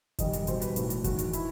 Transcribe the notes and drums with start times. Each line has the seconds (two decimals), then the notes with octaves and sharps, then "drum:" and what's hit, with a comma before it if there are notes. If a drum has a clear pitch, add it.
0.19 E1 D#2 D#3 G3 D#5, drum: kick F#1, hi-hat
0.33 drum: hi-hat
0.47 B1 B2 G3 C5, drum: hi-hat
0.62 B4, drum: hi-hat
0.76 B1 A2 F#3, drum: hi-hat
0.90 drum: hi-hat
1.04 E2 D#3 F#3 F#4, drum: kick F#1, hi-hat
1.19 drum: hi-hat
1.33 E4, drum: hi-hat